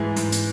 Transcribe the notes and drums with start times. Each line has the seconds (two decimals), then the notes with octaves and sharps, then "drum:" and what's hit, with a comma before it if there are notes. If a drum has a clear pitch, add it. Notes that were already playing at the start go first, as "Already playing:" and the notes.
Already playing: G#2 E3 G#3 G#5
0.16 G#2, drum: hi-hat
0.32 drum: hi-hat